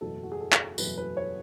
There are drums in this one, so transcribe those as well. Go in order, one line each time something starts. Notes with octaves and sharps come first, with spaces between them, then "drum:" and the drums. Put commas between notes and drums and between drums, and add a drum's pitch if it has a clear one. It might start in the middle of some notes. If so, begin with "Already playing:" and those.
F#1 E2 B2 F#3 A3 A4
F#4
G#4
A4
drum: clap
F#1 E2 B2 F#3 A3 B4, drum: tambourine
B4
C#5